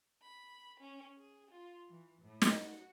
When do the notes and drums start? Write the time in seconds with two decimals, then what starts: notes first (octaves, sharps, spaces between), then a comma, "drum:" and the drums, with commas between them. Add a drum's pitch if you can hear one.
0.24 B5
0.79 C#4
1.17 G#4
1.50 F4
1.87 E3
2.22 A2
2.41 drum: snare
2.55 F#4